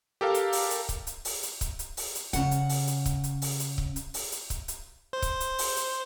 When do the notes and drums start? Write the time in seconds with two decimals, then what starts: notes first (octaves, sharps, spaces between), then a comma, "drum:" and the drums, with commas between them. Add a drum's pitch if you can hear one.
0.21 G4 A4 A#4 F5
0.34 drum: hi-hat
0.53 drum: open hi-hat
0.71 drum: hi-hat
0.89 drum: kick C#1, hi-hat
1.07 drum: hi-hat
1.25 drum: open hi-hat
1.43 drum: hi-hat
1.61 drum: kick C#1, hi-hat
1.79 drum: hi-hat
1.97 drum: open hi-hat
2.15 drum: hi-hat
2.33 C#3 F#5, drum: kick C#1, hi-hat
2.51 drum: hi-hat
2.69 drum: open hi-hat
2.87 drum: hi-hat
3.05 drum: kick C#1, hi-hat
3.24 drum: hi-hat
3.42 drum: open hi-hat
3.60 drum: hi-hat
3.78 drum: kick C#1
3.96 drum: hi-hat
4.14 drum: open hi-hat
4.32 drum: hi-hat
4.50 drum: kick C#1, hi-hat
4.68 drum: hi-hat
5.13 C5
5.22 drum: kick C#1, hi-hat
5.40 drum: hi-hat
5.58 drum: open hi-hat
5.77 drum: hi-hat